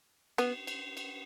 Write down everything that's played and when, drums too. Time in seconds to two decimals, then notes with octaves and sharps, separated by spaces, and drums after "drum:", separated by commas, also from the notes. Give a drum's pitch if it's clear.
0.38 B3, drum: cymbal
0.67 drum: cymbal
0.97 drum: cymbal